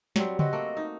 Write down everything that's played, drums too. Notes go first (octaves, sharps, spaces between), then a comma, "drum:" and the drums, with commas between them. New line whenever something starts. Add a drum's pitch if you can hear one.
F#3 G3 C4, drum: snare
C4 F#4 B4 D#5, drum: tom C#3
A3 A#3
D#4